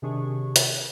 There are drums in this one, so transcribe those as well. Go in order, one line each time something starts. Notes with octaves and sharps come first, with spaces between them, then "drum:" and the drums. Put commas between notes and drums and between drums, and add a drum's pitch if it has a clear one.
C3 D#3 D4 G#4 C#6
drum: hi-hat